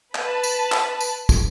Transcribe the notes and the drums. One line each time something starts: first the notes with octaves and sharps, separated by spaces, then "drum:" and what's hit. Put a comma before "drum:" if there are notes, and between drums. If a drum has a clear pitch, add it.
B4 A5 B5, drum: clap
drum: tambourine
drum: clap
drum: tambourine
drum: kick, tambourine